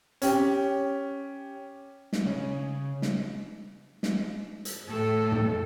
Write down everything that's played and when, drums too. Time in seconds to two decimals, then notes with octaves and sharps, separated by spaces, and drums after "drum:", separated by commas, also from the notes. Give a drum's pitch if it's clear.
0.22 C#4 G4, drum: hi-hat
2.13 drum: snare
2.26 C#3 C#5
3.02 drum: snare
4.03 drum: snare
4.65 drum: hi-hat
4.88 A2 A4
5.32 drum: tom